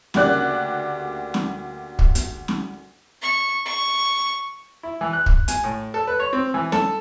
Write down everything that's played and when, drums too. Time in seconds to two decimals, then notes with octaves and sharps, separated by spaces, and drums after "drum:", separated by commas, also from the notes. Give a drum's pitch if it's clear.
0.14 D2 C#3 A#3 G4 D5 F#6, drum: snare
1.34 drum: snare
1.99 drum: kick
2.15 drum: hi-hat
2.48 drum: snare
3.22 C#6
3.65 C#6
4.83 E4
5.01 E3
5.13 F#6
5.26 drum: kick
5.48 G#5, drum: hi-hat
5.64 A2
5.94 A4
6.07 B4
6.20 C#5
6.33 C4
6.54 E3
6.72 A4, drum: snare